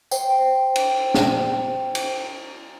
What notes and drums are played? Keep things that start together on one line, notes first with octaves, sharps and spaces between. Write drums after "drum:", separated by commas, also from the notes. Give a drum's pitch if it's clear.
C5 G5, drum: tambourine
drum: cymbal
drum: snare
drum: cymbal